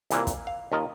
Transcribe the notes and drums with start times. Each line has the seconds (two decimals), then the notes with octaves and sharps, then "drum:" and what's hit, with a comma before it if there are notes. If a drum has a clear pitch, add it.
0.10 C2 A#2 E3 A#3, drum: hi-hat
0.27 drum: kick, hi-hat
0.47 F5
0.72 D#2 F4 A#4 D#5